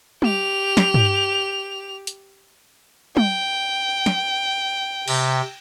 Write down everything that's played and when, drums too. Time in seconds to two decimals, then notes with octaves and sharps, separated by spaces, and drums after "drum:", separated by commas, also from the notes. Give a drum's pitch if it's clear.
0.22 G4 F7, drum: tom
0.77 drum: snare
0.94 drum: tom
2.07 drum: hi-hat
3.17 G5, drum: tom
4.06 drum: snare
5.08 C3, drum: cymbal